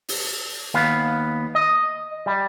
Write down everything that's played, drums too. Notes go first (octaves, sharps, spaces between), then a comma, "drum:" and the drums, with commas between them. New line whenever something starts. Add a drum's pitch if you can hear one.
drum: open hi-hat
D#2 B3 F5
D#5
G3